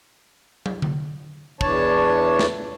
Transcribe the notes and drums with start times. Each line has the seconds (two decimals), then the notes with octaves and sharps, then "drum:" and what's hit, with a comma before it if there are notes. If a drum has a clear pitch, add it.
0.66 drum: tom
0.82 drum: tom D3
1.61 E2 E3 D4 C#5 A5, drum: kick
2.39 drum: snare